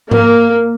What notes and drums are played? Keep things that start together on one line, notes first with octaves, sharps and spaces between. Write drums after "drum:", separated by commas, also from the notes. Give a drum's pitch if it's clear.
A#3, drum: tom